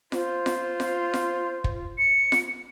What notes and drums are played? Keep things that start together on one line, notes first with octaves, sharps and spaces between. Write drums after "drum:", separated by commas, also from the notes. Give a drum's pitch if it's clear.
F4 C5, drum: snare F4
drum: snare F4
drum: snare F4
drum: snare F4
drum: kick
C#7
drum: snare F4